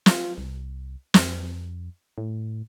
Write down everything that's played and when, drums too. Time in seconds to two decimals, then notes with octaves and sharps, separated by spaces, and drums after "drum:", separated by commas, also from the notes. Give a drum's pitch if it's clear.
0.06 F4, drum: snare
0.38 C2
1.14 F2, drum: snare
2.18 A2